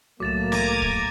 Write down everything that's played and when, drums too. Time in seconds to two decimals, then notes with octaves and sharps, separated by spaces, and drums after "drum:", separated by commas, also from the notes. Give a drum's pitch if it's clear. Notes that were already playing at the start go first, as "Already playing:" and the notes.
0.20 C2 A2 F#3 A3 A#3 D6 A6 E7
0.52 A#5 D6 G#6 A#6 D#7, drum: snare
0.82 drum: kick